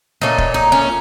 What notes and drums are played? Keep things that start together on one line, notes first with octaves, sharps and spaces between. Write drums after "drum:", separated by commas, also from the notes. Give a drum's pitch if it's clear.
A#2 A3 C#4 D#4
drum: kick
D#4
C#4